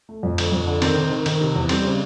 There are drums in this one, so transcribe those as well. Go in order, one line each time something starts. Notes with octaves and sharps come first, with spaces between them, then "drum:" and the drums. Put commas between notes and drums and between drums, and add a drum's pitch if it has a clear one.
A3
F2
D3, drum: cymbal
F2
D3
D#3 C4, drum: cymbal
D#3
D#3
D#3, drum: cymbal
C3
E2
G3 C4, drum: cymbal
C#3